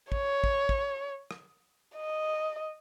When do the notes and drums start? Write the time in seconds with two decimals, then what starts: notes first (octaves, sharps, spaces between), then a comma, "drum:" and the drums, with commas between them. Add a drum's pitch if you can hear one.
0.12 C#5, drum: kick
0.44 drum: kick
0.69 drum: kick
1.31 drum: rim click
1.97 D#5